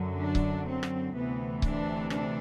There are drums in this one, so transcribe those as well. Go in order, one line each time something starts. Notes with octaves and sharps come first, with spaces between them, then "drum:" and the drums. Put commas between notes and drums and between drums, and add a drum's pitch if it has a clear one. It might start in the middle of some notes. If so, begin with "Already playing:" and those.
Already playing: F#2 D3 F#3
D4
drum: kick C#1
C4
drum: rim click
D2 C3 E3 B3
D4, drum: kick C#1
D4, drum: rim click